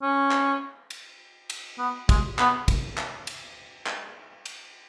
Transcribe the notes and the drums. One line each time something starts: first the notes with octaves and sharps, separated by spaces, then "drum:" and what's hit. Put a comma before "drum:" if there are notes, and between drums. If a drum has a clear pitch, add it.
C#4
drum: clap
drum: cymbal
drum: cymbal
B3
G#3, drum: kick, cymbal
B3, drum: clap
drum: kick, cymbal
drum: clap
drum: cymbal
drum: clap
drum: cymbal